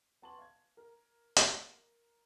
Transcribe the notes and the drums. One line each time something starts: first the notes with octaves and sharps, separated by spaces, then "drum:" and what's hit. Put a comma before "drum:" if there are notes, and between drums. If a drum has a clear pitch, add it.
B3 G#5 A5 C6 C#6 F#7
F5 G#6
A#4
drum: hi-hat